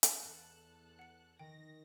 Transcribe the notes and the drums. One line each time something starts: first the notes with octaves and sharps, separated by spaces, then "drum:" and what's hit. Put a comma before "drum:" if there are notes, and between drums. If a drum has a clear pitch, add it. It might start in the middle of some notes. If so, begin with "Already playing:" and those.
drum: hi-hat
E2 A4 F#6
F#5 C#7
D#3 G5 A#6